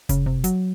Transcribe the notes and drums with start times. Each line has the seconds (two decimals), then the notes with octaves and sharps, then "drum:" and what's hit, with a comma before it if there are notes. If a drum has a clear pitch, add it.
0.09 C#3, drum: kick F#1, hi-hat
0.26 C3
0.44 F#3, drum: hi-hat